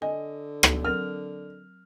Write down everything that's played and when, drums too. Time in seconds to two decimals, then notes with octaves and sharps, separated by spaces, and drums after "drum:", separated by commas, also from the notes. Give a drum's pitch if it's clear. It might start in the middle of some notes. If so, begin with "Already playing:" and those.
0.02 D3 D#5 G#5
0.63 drum: rim click
0.85 F#3 C4 A#4 F6